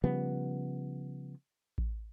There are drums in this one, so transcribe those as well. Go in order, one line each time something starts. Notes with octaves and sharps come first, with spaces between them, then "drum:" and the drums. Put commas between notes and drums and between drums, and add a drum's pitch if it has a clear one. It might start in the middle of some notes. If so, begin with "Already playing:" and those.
C#3 F3 G3 B3
drum: kick A1